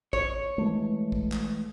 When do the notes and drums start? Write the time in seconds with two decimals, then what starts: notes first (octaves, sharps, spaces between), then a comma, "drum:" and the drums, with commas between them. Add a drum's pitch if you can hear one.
0.13 C#5, drum: kick
0.58 E3 G#3 A3
1.12 drum: kick
1.32 drum: clap